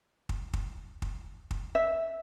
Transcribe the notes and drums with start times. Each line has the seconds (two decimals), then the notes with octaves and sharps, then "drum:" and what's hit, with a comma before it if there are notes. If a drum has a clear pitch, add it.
0.29 drum: kick
0.53 drum: kick
1.02 drum: kick
1.51 drum: kick
1.75 E5